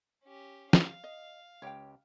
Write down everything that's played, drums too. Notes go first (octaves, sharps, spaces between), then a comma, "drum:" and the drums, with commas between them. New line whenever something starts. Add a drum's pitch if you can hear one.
C#4 G4
F5, drum: snare
D#5
C#2 G4 C#5 G5